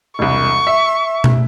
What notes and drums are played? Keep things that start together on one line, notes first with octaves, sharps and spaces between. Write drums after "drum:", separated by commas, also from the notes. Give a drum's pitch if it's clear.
E1 C2 C#6
E5
drum: tom B2